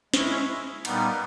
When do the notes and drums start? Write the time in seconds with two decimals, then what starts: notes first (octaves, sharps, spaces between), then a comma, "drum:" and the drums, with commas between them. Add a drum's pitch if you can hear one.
0.14 G#3 C#4 E4, drum: snare
0.85 A#2 G3 B3 D#4, drum: cymbal